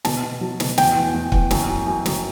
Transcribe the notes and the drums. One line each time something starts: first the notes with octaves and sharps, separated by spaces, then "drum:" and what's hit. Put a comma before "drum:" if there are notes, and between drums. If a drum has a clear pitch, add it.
B2 A5, drum: snare
B2
F#3
B2, drum: snare
E2 G5, drum: snare
E2
E2
E2, drum: kick
F#2, drum: snare
F#2
F#2
F#2, drum: snare